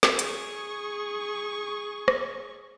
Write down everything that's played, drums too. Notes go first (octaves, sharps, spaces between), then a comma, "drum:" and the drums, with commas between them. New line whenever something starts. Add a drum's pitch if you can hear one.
drum: snare
G#4 C#6, drum: hi-hat
drum: rim click